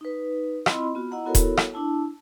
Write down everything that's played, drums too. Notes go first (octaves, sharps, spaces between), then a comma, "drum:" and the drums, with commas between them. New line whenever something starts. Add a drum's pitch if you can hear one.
D#4 B4
C4 E4 F4 D#5 B5 C6, drum: rim click
B3 F4 F#4
E4 D#5 F#5 A#5
B3 E4 F#4 A4 A#4 C#5
drum: kick D#1, hi-hat
drum: rim click
D4 E4 A5